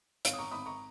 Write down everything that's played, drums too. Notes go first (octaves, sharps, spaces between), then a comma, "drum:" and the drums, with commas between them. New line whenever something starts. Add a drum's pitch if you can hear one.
G#1 C#5 F5, drum: hi-hat
D#6
A#5 C#6
G#1 B5 D#6
A#5 C#6